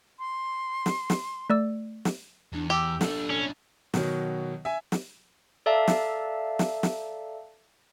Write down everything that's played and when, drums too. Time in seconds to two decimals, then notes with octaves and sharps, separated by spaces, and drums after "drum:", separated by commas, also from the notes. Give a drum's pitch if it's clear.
0.19 C6
0.86 drum: snare
1.10 drum: snare
1.50 A3 D5 E6
2.05 drum: snare
2.53 E2 D4
2.70 G4 E6
3.01 D4 F4 A4, drum: snare
3.30 C#4
3.94 B2 D#3 F#3, drum: snare
4.65 E5 G#5
4.92 drum: snare
5.66 A4 D5 E5 F5 A5 A#5
5.88 drum: snare
6.59 drum: snare
6.83 drum: snare